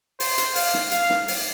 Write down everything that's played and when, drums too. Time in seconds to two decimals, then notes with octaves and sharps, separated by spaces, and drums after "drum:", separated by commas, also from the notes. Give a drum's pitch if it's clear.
0.20 C5, drum: open hi-hat
0.38 drum: hi-hat
0.55 F5, drum: open hi-hat
0.74 drum: snare
0.91 F5, drum: hi-hat
1.10 drum: snare
1.28 drum: open hi-hat